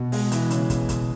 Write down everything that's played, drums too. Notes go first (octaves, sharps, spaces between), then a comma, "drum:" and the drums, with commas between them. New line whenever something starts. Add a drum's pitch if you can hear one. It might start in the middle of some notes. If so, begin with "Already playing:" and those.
Already playing: B2
G#3, drum: open hi-hat
E3, drum: hi-hat
C#3, drum: hi-hat
drum: kick, hi-hat
drum: kick, hi-hat